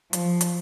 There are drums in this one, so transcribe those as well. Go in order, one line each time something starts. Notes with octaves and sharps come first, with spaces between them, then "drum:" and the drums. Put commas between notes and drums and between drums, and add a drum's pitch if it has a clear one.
F3, drum: hi-hat
drum: hi-hat